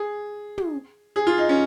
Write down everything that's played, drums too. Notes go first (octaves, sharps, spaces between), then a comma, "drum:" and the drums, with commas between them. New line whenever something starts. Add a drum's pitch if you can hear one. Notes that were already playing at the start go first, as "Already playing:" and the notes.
Already playing: G#4
drum: tom
G#4
F4
D#4
C#4